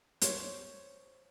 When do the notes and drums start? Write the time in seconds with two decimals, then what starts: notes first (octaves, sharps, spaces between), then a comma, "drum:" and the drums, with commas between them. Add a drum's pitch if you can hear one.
0.21 C5 C#5, drum: hi-hat